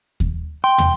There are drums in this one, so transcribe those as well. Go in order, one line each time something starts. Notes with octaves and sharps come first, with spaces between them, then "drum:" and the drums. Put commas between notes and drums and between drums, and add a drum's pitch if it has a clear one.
drum: kick D#2
G5 C6
drum: tom